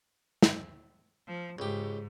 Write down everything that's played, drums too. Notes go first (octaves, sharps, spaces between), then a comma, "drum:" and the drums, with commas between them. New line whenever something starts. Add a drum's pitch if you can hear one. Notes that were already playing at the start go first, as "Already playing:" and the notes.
drum: snare
F3
C#2 G#2 G4